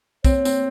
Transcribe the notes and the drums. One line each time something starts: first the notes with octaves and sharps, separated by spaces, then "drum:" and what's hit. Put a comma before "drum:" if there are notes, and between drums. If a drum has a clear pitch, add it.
C4 C#5, drum: kick, tambourine
C4, drum: tambourine